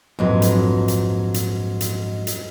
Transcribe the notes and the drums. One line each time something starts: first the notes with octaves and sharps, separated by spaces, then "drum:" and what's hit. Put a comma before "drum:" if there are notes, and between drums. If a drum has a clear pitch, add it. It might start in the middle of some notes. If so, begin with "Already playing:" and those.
A#1 F2 G#2 F#3 B4
drum: hi-hat
drum: hi-hat
drum: hi-hat
drum: hi-hat
drum: hi-hat